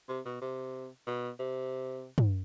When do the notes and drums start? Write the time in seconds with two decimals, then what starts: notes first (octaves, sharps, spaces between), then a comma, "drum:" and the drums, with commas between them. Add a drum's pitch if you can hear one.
0.08 C3
0.25 B2
0.41 C3
1.07 B2
1.39 C3
2.18 drum: tom